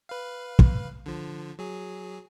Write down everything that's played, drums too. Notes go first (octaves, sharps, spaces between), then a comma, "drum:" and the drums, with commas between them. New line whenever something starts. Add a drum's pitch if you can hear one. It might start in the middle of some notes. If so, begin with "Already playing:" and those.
B4 F5
drum: kick
D3 F3
F#3 G#4